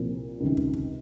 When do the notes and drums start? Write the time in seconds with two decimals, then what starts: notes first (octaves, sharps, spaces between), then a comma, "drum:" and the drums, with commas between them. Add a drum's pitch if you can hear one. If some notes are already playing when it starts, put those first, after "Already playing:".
Already playing: C2 A#2 F3
0.40 C#2 C3 D#3
0.57 drum: kick
0.74 drum: kick